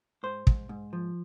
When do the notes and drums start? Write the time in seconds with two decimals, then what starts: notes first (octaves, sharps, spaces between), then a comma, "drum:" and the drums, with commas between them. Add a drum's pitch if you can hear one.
0.23 G#2 C5
0.47 G#2, drum: kick
0.69 G#2
0.93 F3